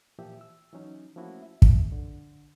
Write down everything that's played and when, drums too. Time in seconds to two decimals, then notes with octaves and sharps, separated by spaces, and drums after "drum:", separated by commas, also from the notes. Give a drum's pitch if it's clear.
0.19 A#2 E3 F3 G4 E5
0.41 E6
0.73 E3 F#3 C#4 D#4
1.16 F3 A3 A#3 C#4 E4 F#4
1.43 E5
1.62 drum: kick
1.92 D3